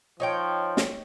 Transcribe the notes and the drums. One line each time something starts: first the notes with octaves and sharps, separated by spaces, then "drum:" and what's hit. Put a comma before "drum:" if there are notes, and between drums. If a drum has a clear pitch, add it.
F3 D#4 C#5 G5
drum: snare